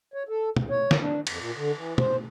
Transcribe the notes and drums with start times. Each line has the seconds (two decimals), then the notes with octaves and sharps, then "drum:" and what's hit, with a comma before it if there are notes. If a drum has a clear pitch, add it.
0.14 C#5
0.29 A4
0.56 D2, drum: tom
0.70 C#5
0.91 drum: snare
1.01 D4
1.27 F2, drum: cymbal
1.38 A#2
1.57 D3
1.75 E3
1.98 C5, drum: tom